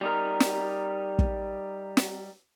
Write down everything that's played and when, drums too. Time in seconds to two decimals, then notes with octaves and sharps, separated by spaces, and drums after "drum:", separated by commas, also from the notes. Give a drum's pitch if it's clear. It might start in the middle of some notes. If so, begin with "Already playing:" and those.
0.01 G3 D#4 A#4
0.40 drum: snare
1.19 drum: kick
1.97 drum: snare